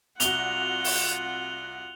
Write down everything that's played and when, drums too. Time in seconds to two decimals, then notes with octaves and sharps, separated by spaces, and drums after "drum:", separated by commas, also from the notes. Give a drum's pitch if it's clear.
0.20 C2 F4 F#4 F#5 F7 G7, drum: hi-hat
0.84 drum: open hi-hat